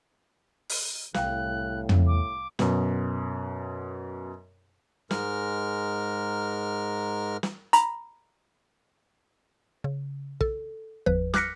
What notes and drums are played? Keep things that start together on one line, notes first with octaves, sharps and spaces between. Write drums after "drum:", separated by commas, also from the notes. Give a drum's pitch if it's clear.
drum: open hi-hat
C2 A2 F5 G5 F#6, drum: snare
drum: tom
D6
F#2 B2, drum: snare
G#2 G#3 A#4 F6, drum: snare
drum: snare
A#5 B5, drum: hi-hat
C#3
A4, drum: kick
G1 E2 F3 B4
D6 F6 F#6 A#6 B6 C#7, drum: snare